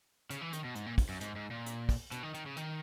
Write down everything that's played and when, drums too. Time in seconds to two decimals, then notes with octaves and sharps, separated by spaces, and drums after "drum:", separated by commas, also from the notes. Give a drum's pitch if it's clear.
0.30 C#3, drum: hi-hat
0.41 E3
0.53 D#3, drum: hi-hat
0.64 B2
0.75 G#2, drum: hi-hat
0.86 A#2
0.98 drum: kick, open hi-hat
1.09 F#2
1.21 G#2, drum: hi-hat
1.36 G#2
1.51 A#2
1.66 drum: hi-hat
1.89 drum: kick, open hi-hat
2.12 B2, drum: hi-hat
2.23 D#3
2.34 D#3, drum: hi-hat
2.46 C#3
2.57 D#3, drum: hi-hat